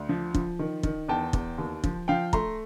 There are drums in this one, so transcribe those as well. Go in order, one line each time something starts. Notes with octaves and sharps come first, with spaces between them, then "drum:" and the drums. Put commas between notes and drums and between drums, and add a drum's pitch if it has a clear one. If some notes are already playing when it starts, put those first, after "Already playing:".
Already playing: D2
F3
F3, drum: kick
D#3
D#3, drum: kick
E2 G5 A5
E2, drum: kick
D#2
F3, drum: kick
F3 F5 G5
A3 A#5 C6, drum: kick